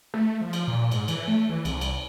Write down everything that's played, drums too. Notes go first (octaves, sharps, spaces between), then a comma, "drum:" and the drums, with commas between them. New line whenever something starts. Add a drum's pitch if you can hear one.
A3
F3
drum: cymbal
A#2
G#2, drum: cymbal
E3, drum: cymbal
A3
E3
C2, drum: cymbal
drum: cymbal